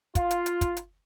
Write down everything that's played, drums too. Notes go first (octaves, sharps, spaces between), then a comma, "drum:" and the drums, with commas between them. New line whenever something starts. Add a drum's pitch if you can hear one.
F4, drum: kick, hi-hat
drum: hi-hat
drum: hi-hat
drum: kick, hi-hat
drum: hi-hat